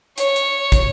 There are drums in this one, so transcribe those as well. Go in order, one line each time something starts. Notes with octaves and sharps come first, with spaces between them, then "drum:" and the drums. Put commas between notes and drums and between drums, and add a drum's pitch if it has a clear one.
C#5, drum: hi-hat
drum: hi-hat
drum: kick, hi-hat